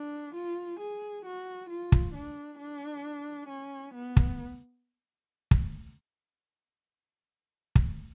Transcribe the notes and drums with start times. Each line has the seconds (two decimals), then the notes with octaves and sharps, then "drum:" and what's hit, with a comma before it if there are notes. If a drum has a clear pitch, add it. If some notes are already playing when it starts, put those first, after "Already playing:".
Already playing: D4
0.35 F4
0.80 G#4
1.25 F#4
1.70 F4
1.92 drum: kick
2.14 D4
2.59 D4
3.49 C#4
3.94 B3
4.17 drum: kick
5.51 drum: kick
7.75 drum: kick